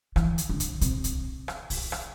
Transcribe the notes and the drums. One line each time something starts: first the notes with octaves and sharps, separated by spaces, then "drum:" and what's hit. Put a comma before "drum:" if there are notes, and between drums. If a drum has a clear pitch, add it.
E3, drum: rim click
drum: hi-hat
D3
drum: kick, hi-hat
C3, drum: hi-hat
drum: kick, hi-hat
drum: rim click
drum: kick, open hi-hat
drum: rim click